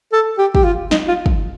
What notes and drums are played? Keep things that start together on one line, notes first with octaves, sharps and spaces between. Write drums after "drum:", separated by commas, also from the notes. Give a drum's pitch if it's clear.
A4
G4
G4, drum: kick
F4
D#4, drum: snare
F4
drum: kick